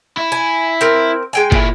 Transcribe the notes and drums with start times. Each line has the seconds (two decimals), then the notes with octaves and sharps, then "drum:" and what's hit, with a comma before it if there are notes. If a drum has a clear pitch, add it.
0.17 E4
0.32 G#5
0.81 C4 A#4
1.33 G#3 G5 G#5
1.52 A#2 E4, drum: kick